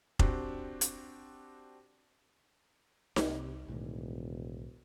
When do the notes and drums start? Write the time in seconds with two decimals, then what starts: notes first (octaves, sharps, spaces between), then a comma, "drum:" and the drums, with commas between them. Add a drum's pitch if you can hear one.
0.19 C4 D4 F#4 G4, drum: kick F1
0.81 drum: hi-hat
3.16 C2 C3, drum: snare D#4
3.68 E1 B1 A2 D#3